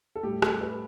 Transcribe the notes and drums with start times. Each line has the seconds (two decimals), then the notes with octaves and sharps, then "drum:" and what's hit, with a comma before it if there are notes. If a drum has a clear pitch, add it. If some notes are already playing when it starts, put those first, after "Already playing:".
0.16 A4
0.23 A2 G3 G4
0.42 A4, drum: rim click
0.61 B4